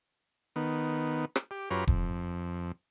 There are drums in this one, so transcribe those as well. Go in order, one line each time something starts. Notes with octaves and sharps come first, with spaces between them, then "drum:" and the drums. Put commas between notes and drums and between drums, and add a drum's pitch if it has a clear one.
D#3 B3
drum: rim click
G4
F#2 F4 G4 B4 C#5 A#5
F2, drum: kick E1